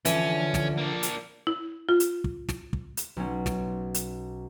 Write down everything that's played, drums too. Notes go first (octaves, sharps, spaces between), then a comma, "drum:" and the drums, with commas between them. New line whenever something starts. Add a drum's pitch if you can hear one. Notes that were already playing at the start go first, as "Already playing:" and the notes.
D3 E3 F3 C#4, drum: hi-hat
drum: snare
A#3 D4
drum: hi-hat
E4
F4
drum: hi-hat
drum: kick
drum: snare
drum: kick
drum: hi-hat
B1 C#4
drum: snare
drum: hi-hat